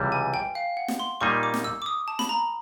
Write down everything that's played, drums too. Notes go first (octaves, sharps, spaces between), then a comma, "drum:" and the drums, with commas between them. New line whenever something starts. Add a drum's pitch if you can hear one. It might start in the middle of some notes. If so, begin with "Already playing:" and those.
Already playing: C#2 C3 E3 G3
G#5
G5
F5
F#5
drum: snare
C6
A#2 G3 A#3 D#4 C#6
D6
drum: snare
E6
D6
D#6
A5
B5, drum: snare
A#5